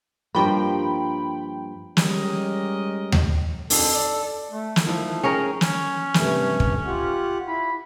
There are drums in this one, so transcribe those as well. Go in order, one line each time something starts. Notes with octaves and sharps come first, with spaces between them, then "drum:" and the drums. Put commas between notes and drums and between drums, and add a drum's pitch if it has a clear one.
G2 F3 A#3 G5 B5
G3 G#3 C#4 G4 A#4 D#5, drum: snare
drum: tom D#2
F2 D3 D#3 A4, drum: open hi-hat
D5
A3
drum: snare
D#3 F3 A3 E4
C#4 G#4 A#4 G5 G#5
C#4, drum: snare
G2 C3 A3, drum: snare
drum: kick
F4 G4 F#5
E4 B5